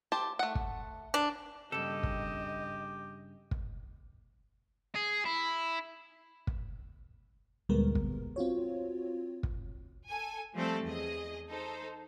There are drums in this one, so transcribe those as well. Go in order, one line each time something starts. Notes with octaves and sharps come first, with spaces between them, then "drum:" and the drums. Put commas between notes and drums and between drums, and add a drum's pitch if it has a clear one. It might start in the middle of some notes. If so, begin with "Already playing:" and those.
G4 C5 A5
A3 F#5
drum: kick
D4
G2 C#3 G4 A4 D#5
drum: kick
drum: kick
G#4
E4
drum: kick
D2 A#2 G3 G#3 B3 A#4
drum: kick
C4 F4 F#4 C#5
drum: kick
A4 G#5
F3 G3 A3 C4 A4
E2 G#4 D#5
D#4 A4 C5